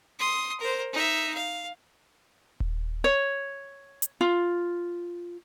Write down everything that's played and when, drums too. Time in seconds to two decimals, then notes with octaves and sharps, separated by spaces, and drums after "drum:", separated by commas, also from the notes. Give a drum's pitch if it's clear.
0.19 C6 D#6
0.60 A#4 C5
0.93 D#4 E5
1.34 F5
2.60 drum: kick D#1
3.04 C#5
4.02 drum: hi-hat
4.21 F4